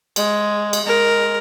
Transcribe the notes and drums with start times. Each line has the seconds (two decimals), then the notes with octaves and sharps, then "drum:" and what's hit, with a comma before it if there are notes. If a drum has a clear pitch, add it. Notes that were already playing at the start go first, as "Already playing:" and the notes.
0.16 G#3, drum: cymbal
0.73 drum: cymbal
0.87 G#3 A#4